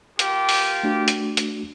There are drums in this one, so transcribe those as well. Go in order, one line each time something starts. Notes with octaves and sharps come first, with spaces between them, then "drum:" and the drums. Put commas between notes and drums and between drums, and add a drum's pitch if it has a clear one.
A#3 F4 G4, drum: hi-hat
drum: open hi-hat
A3 D4 F#4
drum: hi-hat
drum: hi-hat